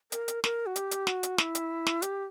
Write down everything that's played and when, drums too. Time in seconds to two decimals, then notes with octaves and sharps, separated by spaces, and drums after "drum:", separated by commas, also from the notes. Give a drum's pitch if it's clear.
0.12 A#4, drum: hi-hat
0.28 drum: hi-hat
0.44 A#4, drum: snare
0.66 F#4
0.76 G4, drum: hi-hat
0.91 drum: hi-hat
1.07 F#4, drum: snare
1.23 drum: hi-hat
1.38 E4, drum: snare
1.55 drum: hi-hat
1.87 drum: snare
2.02 G4, drum: hi-hat